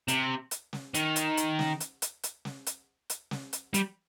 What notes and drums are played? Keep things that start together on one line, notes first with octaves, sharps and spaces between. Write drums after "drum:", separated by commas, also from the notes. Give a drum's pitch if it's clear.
C3, drum: hi-hat
drum: hi-hat
drum: snare
D#3, drum: hi-hat
drum: hi-hat
drum: hi-hat
drum: snare
drum: hi-hat
drum: hi-hat
drum: hi-hat
drum: snare
drum: hi-hat
drum: hi-hat
drum: snare
drum: hi-hat
G3, drum: hi-hat